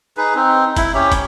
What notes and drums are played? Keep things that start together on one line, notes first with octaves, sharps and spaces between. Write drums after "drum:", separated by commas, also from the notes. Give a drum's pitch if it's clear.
D#4 G#4 B4
C4 D#4
E4, drum: kick, hi-hat
C#4 G4 C#5
drum: kick, hi-hat